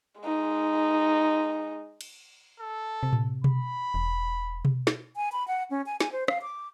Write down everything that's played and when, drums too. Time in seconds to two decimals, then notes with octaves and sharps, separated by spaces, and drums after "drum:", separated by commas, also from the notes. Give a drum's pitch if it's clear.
0.21 G#3 D#4
2.01 drum: cymbal
2.60 A4
3.03 C3
3.13 drum: tom A2
3.44 B5, drum: tom B2
3.94 E1
4.65 drum: tom B2
4.87 drum: snare
5.16 G#5
5.32 B5
5.48 F#5
5.71 C#4
5.86 G#5
6.00 G#5, drum: snare
6.12 C5
6.28 F5, drum: rim click
6.42 D6